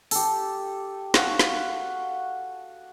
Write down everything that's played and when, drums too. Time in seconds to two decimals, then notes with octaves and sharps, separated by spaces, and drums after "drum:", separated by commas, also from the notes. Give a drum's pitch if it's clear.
0.11 G4 A4, drum: open hi-hat
1.14 F#4 F5 C#6, drum: snare
1.39 drum: snare